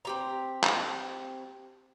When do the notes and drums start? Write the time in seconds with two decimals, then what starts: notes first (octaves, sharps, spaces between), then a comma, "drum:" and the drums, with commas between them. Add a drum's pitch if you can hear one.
0.05 C4 G4 A#5
0.63 drum: clap